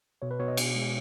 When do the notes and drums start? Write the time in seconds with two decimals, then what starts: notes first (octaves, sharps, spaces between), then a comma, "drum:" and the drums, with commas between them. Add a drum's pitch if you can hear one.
0.22 B2 C#5
0.31 B4
0.40 B2 C#5
0.48 D#5
0.57 B2, drum: cymbal
0.75 G#3